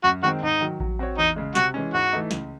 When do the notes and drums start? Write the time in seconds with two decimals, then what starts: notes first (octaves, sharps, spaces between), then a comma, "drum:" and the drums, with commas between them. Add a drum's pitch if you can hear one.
0.04 F#2 F#4
0.23 D#3 G#3 C4 F#4
0.42 G#2 D#4
0.61 D#3 F#3
0.80 F#3, drum: kick A1
0.99 C4 F#4 C#5
1.18 E2 D#4
1.36 C#3 G#3
1.55 C3 F#4, drum: snare
1.74 E3 G#3 C#4
1.93 G#2 F#4
2.13 E3 A3 D#4
2.31 C#2, drum: snare